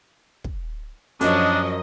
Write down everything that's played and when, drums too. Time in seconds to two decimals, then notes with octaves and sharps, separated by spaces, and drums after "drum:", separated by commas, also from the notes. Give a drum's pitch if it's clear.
0.44 drum: kick
1.21 F#2 F3 F#3 D4 D#5, drum: hi-hat